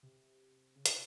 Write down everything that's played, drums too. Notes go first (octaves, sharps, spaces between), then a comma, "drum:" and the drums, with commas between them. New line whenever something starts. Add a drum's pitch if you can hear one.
C3
C#3
C3, drum: hi-hat